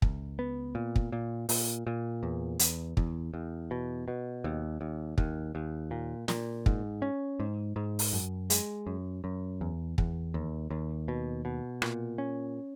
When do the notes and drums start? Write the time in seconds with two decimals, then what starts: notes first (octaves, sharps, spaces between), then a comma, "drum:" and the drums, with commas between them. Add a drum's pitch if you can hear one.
0.02 C#2, drum: kick
0.39 B3
0.75 A#2
0.96 drum: kick
1.12 A#2
1.49 A#2, drum: open hi-hat
1.87 A#2
2.23 E2
2.59 E2, drum: hi-hat
2.97 E2, drum: kick
3.34 E2
3.71 B2
4.08 B2
4.44 D#2
4.81 D#2
5.18 D#2, drum: kick
5.55 D#2
5.91 A#2
6.28 A#2, drum: snare
6.66 G#2, drum: kick
7.02 C#4
7.40 G#2
7.76 G#2
7.99 drum: open hi-hat
8.13 F#2
8.50 G#3, drum: hi-hat
8.87 F#2
9.24 F#2
9.61 E2
9.98 E2, drum: kick
10.34 D#2
10.70 D#2
11.08 B2
11.45 B2
11.82 A#2, drum: rim click
12.18 C#4